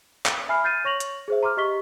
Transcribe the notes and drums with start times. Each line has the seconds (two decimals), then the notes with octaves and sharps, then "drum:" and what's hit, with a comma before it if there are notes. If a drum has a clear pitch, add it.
0.26 drum: clap
0.49 E5 G#5 B5 F6 C7
0.64 F6 G6 A6 C7 D#7
0.85 C#5 C#6 A#6 F7 F#7
1.00 drum: hi-hat
1.28 G#4 C5 E5
1.43 A#5 C6 D6 F6
1.57 G4 D#5 C#6 B6 G7